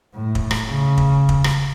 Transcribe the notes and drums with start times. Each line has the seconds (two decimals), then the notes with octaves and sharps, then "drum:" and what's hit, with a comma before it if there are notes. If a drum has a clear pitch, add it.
0.13 A2
0.35 drum: kick
0.51 drum: rim click
0.66 C#3
0.97 drum: kick
1.29 drum: kick
1.44 drum: rim click